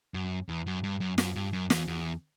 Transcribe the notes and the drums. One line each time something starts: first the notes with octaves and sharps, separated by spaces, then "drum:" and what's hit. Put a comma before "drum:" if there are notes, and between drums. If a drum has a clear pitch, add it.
F#2
E2
F#2
G2
F#2
F#2, drum: snare
G2
F#2
E2, drum: snare
E2